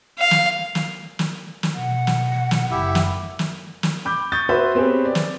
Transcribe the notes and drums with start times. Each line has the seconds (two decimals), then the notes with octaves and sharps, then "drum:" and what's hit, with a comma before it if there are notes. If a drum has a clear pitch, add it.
0.19 F5
0.31 drum: snare
0.75 drum: snare
1.19 drum: snare
1.63 drum: snare
1.74 B2 F#5
2.07 drum: snare
2.51 drum: snare
2.71 F#1 E4 G4 E5
2.95 drum: snare
3.39 drum: snare
3.83 drum: snare
4.05 B5 D6 G6
4.32 C#6 D#6 G6 A6
4.49 F#4 B4 C5 E5 B5 E6
4.75 B3 C4 G4 G#4 C#5
5.05 D5
5.15 drum: snare